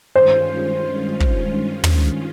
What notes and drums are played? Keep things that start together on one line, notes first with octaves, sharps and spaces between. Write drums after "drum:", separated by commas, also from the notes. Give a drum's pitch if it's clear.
G2 D#3 G#3 C#4 F4 C5
drum: kick
drum: tom